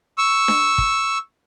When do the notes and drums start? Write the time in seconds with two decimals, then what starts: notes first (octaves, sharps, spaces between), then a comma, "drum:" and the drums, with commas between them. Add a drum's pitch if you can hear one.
0.18 C#6 E6
0.48 drum: snare D4
0.78 drum: kick